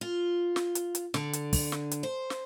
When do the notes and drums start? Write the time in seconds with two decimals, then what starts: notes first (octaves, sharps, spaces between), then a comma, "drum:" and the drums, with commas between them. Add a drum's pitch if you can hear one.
0.01 F4
0.56 drum: snare
0.75 drum: hi-hat
0.95 drum: hi-hat
1.14 D3, drum: snare
1.33 drum: hi-hat
1.53 drum: kick, open hi-hat
1.72 drum: snare
1.91 drum: hi-hat
2.03 C5
2.30 drum: snare